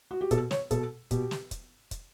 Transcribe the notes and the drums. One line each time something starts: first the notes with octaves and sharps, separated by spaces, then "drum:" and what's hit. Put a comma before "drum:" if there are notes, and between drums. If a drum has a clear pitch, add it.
F#4
G4
B2 A4, drum: kick, hi-hat
C#5, drum: snare
B2 A4, drum: kick, hi-hat
B2 G4, drum: kick, hi-hat
drum: snare
drum: kick, hi-hat
drum: kick, hi-hat